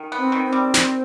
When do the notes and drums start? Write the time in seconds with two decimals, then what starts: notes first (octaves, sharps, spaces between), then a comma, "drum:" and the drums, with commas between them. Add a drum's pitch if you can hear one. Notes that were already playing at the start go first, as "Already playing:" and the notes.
Already playing: D#3
0.12 B3
0.18 C4
0.32 D#3
0.45 C4
0.53 G3
0.74 D#3, drum: snare